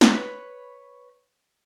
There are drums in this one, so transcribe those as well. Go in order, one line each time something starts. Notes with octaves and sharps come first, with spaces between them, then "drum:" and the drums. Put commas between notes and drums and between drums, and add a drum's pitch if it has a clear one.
B4 C#5, drum: snare